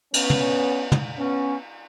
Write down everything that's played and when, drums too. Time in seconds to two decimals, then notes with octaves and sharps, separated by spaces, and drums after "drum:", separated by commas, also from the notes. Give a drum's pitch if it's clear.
0.14 B3 C#4, drum: cymbal
0.30 drum: tom
0.92 drum: tom
1.18 B3 C#4